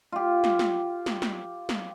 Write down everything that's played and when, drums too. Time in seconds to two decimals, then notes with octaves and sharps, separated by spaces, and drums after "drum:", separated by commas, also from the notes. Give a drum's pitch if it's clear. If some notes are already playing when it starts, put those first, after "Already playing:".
0.12 F4 G4
0.44 drum: snare
0.59 drum: snare
1.06 drum: snare
1.22 drum: snare
1.69 drum: snare